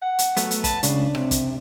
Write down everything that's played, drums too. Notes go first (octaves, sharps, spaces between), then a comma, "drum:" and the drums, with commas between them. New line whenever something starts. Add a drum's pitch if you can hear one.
F#5
drum: hi-hat
F#3 A3 B3, drum: hi-hat
drum: hi-hat
B4 A5, drum: kick, hi-hat
C#2 C#3 D4, drum: hi-hat
C3, drum: rim click
drum: kick, hi-hat